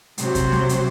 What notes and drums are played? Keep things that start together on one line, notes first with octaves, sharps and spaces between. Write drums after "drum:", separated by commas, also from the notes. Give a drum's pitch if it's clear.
C3 F#3 C5, drum: hi-hat
drum: kick, hi-hat
drum: snare
drum: hi-hat